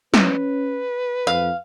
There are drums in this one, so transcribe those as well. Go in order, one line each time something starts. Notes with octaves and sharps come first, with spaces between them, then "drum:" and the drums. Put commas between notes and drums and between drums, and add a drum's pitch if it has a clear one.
C#4 B4, drum: snare
F2 F5